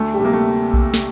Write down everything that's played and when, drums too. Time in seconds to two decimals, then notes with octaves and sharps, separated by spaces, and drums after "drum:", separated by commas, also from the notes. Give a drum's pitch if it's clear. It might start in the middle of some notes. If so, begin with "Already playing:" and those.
Already playing: D2 A3
0.14 G3
0.20 C3
0.25 A#3
0.33 A3
0.74 drum: kick A#1
0.94 drum: snare